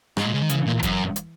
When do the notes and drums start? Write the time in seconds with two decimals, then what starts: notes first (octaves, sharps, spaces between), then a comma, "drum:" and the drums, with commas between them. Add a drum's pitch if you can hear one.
0.17 G#2 G#3, drum: rim click
0.25 A#2
0.33 C#3
0.42 D#3
0.49 C#3 E3, drum: hi-hat
0.67 A#2
0.83 F#2, drum: kick, hi-hat
1.16 drum: hi-hat